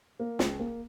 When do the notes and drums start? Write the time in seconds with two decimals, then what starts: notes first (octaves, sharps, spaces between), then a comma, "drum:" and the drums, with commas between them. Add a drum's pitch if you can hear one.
0.19 A#3
0.39 C#2, drum: snare
0.59 A#3